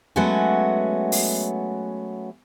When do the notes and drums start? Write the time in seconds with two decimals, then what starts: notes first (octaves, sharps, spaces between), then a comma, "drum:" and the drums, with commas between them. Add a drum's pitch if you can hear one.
0.16 F#3 G#3 A3 B3 C#4 F#4
1.12 drum: open hi-hat